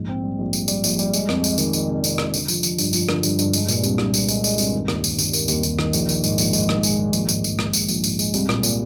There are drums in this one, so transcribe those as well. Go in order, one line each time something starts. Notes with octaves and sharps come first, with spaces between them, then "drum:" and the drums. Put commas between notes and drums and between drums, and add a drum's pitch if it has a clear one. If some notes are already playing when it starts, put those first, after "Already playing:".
Already playing: A#1 G#2
C4
G3
A#1
G3, drum: tambourine
G3, drum: tambourine
A#1, drum: tambourine
G3, drum: tambourine
G#3, drum: tambourine
F2, drum: rim click
G#3, drum: tambourine
D#3, drum: tambourine
D#3, drum: tambourine
C3
C3, drum: tambourine
C3, drum: rim click
D3, drum: tambourine
F3, drum: tambourine
F3, drum: tambourine
G2, drum: tambourine
F3, drum: tambourine
D3, drum: rim click
G2, drum: tambourine
G2, drum: tambourine
G#3, drum: tambourine
A#2, drum: tambourine
C2, drum: tambourine
C2, drum: rim click
C2, drum: tambourine
G#3, drum: tambourine
G#3, drum: tambourine
C2, drum: tambourine
D#3
D#2, drum: rim click
D#3, drum: tambourine
D#2, drum: tambourine
A#3, drum: tambourine
D#2, drum: tambourine
D#2, drum: tambourine
D#3, drum: rim click
A#1, drum: tambourine
D#3, drum: tambourine
G#2, drum: tambourine
A#1, drum: tambourine
G#2, drum: tambourine
D#3, drum: rim click
G#3, drum: tambourine
D#3
A#1, drum: tambourine
G#2, drum: tambourine
A#1, drum: tambourine
G#3, drum: rim click
G#2, drum: tambourine
A#1, drum: tambourine
G#2, drum: tambourine
G#3, drum: tambourine
C2, drum: tambourine
A#2, drum: rim click
A#2, drum: tambourine